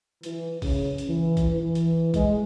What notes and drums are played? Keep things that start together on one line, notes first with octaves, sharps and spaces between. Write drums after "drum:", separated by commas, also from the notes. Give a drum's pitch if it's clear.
E3, drum: hi-hat
C#3, drum: kick, open hi-hat
drum: hi-hat
E3
drum: kick, hi-hat
E3
drum: hi-hat
G#3, drum: kick, hi-hat